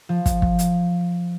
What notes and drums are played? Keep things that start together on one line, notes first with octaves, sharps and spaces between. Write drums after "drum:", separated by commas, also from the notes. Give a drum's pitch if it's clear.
F3
drum: kick, hi-hat
drum: kick
drum: hi-hat